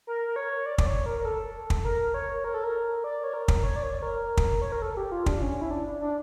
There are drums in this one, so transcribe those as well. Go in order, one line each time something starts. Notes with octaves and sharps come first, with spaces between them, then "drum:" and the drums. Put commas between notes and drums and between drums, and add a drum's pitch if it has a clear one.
A#4
A#4
C#5
D5
D5, drum: kick
C#5
A#4
A#4
A4
drum: kick
A#4
C#5
A#4
A4
A#4
D5
C#5
A#4
drum: kick
C#5
D5
C#5
A#4
drum: kick
C#5
A#4
A4
G4
F4
D4, drum: kick
C#4
E4
D4
D4